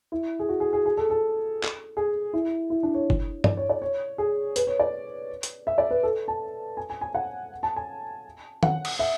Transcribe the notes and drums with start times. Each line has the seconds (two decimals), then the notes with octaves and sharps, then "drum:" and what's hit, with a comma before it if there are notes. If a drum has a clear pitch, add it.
0.12 E4
0.39 G#4
0.49 F#4
0.60 G#4
0.73 G#4
0.86 G#4
0.97 A4
1.10 A4
1.63 drum: clap
1.97 G#4
2.33 E4
2.70 E4
2.83 D4
2.94 C#5
3.10 drum: kick
3.44 D5, drum: tom G2
3.57 C#5
3.69 D5
3.82 C#5
4.18 G#4
4.56 B4, drum: hi-hat
4.67 C#5
4.80 D5
5.43 drum: hi-hat
5.67 E5
5.78 D5
5.91 B4
6.03 A4
6.28 A5
6.77 G#5
6.90 G#5
7.01 G#5
7.15 F#5
7.63 A5
7.76 G#5
8.63 F#5, drum: tom D#3
8.85 drum: cymbal
8.99 E5